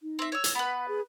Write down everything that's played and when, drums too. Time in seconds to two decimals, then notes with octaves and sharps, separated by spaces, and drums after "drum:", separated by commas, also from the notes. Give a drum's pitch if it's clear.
0.02 D#4
0.19 C4 E5
0.32 C#5 E6
0.44 drum: hi-hat
0.55 B3 B4 F#5
0.88 G#4